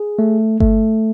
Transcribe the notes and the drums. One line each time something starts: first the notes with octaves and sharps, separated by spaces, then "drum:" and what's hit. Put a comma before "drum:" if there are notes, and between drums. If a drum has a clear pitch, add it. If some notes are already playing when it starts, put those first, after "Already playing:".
Already playing: G#4
A3
A3, drum: kick G1